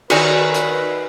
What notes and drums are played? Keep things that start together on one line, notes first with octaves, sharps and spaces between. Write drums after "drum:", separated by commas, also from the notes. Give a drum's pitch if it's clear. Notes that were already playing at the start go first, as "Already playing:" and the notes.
D#3 F#4 B4 C#5 D5 E5 G#5 A#5, drum: cymbal
drum: hi-hat